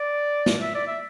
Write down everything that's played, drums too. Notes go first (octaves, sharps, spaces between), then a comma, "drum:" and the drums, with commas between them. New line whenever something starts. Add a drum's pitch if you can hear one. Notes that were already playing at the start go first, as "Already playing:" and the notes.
Already playing: D5
drum: snare
E5
D5
E5